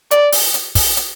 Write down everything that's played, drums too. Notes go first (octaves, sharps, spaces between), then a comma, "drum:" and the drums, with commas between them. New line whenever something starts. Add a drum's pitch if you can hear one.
D5, drum: hi-hat
drum: open hi-hat
drum: hi-hat
drum: kick, open hi-hat
drum: hi-hat